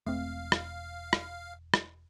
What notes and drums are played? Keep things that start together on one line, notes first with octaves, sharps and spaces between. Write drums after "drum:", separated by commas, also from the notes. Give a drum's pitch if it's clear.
E1 A3 C4 F5
drum: rim click
drum: rim click
drum: rim click